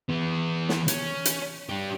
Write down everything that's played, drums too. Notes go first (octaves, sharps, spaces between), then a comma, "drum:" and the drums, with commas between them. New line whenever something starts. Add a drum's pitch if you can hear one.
E3 B3
drum: snare
C#4, drum: hi-hat
drum: hi-hat
D4 G4